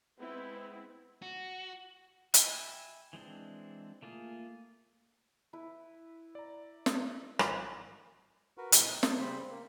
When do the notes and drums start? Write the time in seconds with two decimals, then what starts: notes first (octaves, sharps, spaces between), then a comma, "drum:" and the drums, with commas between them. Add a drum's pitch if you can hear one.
0.19 G#3 B3 C4 E4
1.22 F#4
2.34 E5 G5 G#5 B5, drum: hi-hat
3.13 E3 G#3 C4 D4
4.03 A3 A#3 F4 G#4
5.53 E4 B4
6.35 D5 A#5
6.86 drum: snare
7.39 G#1, drum: rim click
8.58 F#4 A#4 B4
8.72 A2 C3 E3 G3 A3, drum: hi-hat
8.87 D#4 E4
9.03 G6, drum: snare
9.18 C#3 G3 C5 B5
9.51 A#3